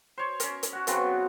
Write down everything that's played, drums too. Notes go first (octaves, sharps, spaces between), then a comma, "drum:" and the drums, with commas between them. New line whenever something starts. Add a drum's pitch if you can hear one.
C5 C#5
C#4 A#4, drum: hi-hat
drum: hi-hat
F#4 F#5
C#3 F#3 B3 C4, drum: hi-hat